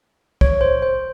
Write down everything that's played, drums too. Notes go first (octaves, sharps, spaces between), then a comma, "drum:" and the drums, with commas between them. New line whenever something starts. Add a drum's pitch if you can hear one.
C#5, drum: kick
C5
C5